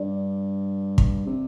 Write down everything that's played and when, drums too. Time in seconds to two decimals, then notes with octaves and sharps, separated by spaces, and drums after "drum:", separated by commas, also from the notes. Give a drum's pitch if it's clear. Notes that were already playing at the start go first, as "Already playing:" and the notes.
Already playing: G2 D5
0.98 drum: kick
1.27 C3